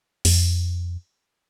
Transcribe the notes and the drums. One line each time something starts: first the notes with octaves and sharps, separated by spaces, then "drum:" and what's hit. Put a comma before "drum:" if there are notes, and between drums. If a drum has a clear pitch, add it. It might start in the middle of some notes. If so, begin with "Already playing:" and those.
F2, drum: open hi-hat